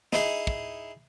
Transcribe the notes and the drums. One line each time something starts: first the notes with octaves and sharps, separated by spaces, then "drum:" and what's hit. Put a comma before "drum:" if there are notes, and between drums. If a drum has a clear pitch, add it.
D#4 E4 G#4, drum: snare
drum: kick